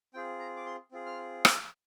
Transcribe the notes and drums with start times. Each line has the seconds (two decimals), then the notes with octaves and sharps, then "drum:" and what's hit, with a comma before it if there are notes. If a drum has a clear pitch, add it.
0.14 C4 F4 G#4 G5
0.39 A#5
0.56 D6
0.66 C6
0.92 C4 F4 G#4
1.06 F6
1.45 drum: rim click